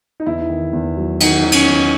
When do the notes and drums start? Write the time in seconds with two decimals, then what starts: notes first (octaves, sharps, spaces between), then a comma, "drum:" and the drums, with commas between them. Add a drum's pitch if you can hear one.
0.20 D#4
0.26 E2 E4
0.49 D#3
0.73 E2
0.97 F#3
1.20 D#3 D#4, drum: cymbal
1.41 D#3 D#4
1.52 C#4, drum: cymbal
1.67 E2